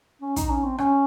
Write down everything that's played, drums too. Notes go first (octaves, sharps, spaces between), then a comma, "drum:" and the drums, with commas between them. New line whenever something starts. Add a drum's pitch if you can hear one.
C#4
D#4, drum: kick, hi-hat
C#4
C4
C#4, drum: rim click